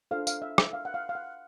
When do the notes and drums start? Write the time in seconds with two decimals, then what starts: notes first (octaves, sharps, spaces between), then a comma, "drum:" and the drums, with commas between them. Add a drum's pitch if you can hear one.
0.11 D4 F4 A4 C5 F5
0.27 F5, drum: tambourine
0.42 E5
0.58 E5, drum: rim click
0.73 F5
0.85 F#5
0.94 F5
1.09 F5
1.15 F#5